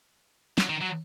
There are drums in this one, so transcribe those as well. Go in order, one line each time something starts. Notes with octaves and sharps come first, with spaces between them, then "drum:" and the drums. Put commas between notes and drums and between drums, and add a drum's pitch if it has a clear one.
F#3, drum: snare
D#3
F#3